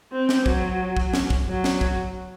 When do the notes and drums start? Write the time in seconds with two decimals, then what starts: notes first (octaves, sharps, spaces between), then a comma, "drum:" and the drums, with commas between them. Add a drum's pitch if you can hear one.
0.12 C4
0.29 drum: snare
0.46 F#3, drum: kick
0.97 drum: kick
1.13 drum: snare
1.30 drum: kick
1.48 F#3
1.64 drum: snare
1.81 drum: kick